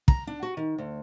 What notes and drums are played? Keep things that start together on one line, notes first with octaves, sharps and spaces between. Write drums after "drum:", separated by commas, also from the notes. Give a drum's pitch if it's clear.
A#5, drum: kick
D4
F#4
D#3
D2